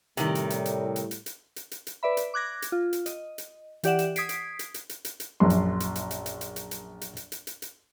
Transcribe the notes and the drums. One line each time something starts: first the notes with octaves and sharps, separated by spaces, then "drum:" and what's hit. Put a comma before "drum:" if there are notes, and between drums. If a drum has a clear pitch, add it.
A2 C3 D#3 G3, drum: hi-hat
drum: hi-hat
drum: hi-hat
drum: hi-hat
drum: hi-hat
drum: hi-hat
drum: hi-hat
drum: hi-hat
drum: hi-hat
drum: hi-hat
B4 D5 E5 B5
drum: hi-hat
D6 F#6 G#6 A#6
drum: hi-hat
F4
drum: hi-hat
D#5, drum: hi-hat
drum: hi-hat
E3 G4 D5 F#5 E7, drum: hi-hat
drum: hi-hat
D#6 G#6 B6 C7 D7, drum: hi-hat
drum: hi-hat
drum: hi-hat
drum: hi-hat
drum: hi-hat
drum: hi-hat
drum: hi-hat
A#1 F#2 C6
drum: hi-hat
drum: hi-hat
drum: hi-hat
drum: hi-hat
drum: hi-hat
drum: hi-hat
drum: hi-hat
drum: hi-hat
drum: hi-hat
drum: hi-hat
drum: hi-hat
drum: hi-hat
drum: hi-hat